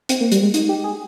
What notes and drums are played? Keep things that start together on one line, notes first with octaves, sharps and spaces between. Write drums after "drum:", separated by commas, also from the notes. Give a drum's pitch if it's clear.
C4, drum: hi-hat
A#3
G3, drum: hi-hat
G#3
D#4, drum: hi-hat
G4
G#4